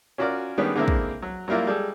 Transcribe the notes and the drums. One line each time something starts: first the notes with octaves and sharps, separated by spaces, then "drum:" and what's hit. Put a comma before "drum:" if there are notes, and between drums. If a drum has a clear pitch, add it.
C#4 F4 F#4 A#4 D5
D#3 G3 G#3 B3 C#4 D4
D3 G#3 A#3 C4 E4 A#4
drum: kick
F#3
F#3 G3 A#3 E4 F4
G3 G#3 A4